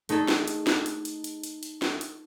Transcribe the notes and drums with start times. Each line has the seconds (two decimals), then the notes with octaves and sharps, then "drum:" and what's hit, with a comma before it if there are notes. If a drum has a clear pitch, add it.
0.09 A3 D#4 G#4 A4, drum: hi-hat
0.28 drum: snare
0.48 drum: hi-hat
0.67 drum: snare
0.86 drum: hi-hat
1.05 drum: hi-hat
1.24 drum: hi-hat
1.43 drum: hi-hat
1.63 drum: hi-hat
1.82 drum: snare
2.01 drum: hi-hat